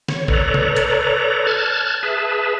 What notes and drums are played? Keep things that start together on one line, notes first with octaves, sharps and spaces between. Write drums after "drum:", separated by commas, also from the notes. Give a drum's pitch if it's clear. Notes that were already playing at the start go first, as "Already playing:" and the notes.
C#5, drum: snare
A4 B4 C#5 D5 A#5, drum: kick G#1
drum: tom C3
drum: hi-hat
A5 F6 F#6 G#6 A6
G#4 B4 E5 A5